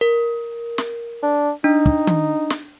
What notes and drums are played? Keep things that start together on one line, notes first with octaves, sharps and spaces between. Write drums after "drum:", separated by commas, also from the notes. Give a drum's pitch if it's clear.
A#4
drum: snare
D4
D4 D#4
drum: kick
drum: tom D#3
drum: snare